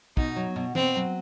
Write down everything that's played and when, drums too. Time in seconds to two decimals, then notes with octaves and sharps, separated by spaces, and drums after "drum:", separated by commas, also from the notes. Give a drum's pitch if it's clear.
0.17 B2 D#4, drum: kick
0.36 F#3
0.56 B2
0.75 B2 C4, drum: tom
0.96 F#3